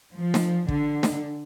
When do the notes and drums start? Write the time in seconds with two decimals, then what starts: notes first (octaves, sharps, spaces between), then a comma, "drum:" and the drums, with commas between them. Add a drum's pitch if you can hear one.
0.17 F3
0.34 drum: snare
0.68 D3, drum: kick
1.03 drum: snare